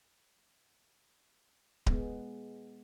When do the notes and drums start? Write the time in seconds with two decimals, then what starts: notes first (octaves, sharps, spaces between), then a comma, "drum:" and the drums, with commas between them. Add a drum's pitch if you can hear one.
1.86 G#3 B3, drum: kick D1